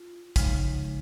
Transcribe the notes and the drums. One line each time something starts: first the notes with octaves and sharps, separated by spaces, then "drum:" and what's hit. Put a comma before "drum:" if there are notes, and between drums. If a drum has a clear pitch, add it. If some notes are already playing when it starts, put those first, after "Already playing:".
Already playing: F4
C#3 F3 G#3 D#4, drum: kick, hi-hat